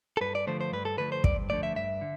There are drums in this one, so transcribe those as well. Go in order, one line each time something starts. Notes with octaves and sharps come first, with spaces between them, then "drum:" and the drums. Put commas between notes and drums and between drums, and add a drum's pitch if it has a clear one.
A4
G2 B4
D5
D3 F3 A3 C5
C5
G2 B4
A4
D3 F3 A3 B4
C5
G2 D5, drum: kick
D3 F3 A3 D5
E5
G2 E5
D3